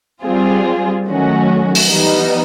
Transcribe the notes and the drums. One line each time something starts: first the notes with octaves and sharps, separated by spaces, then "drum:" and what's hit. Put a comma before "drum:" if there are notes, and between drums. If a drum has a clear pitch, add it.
G3 C4 F4 G#4
D#3 F#3 A3 C#4 F#4
drum: open hi-hat
E3 G3 B3 D#4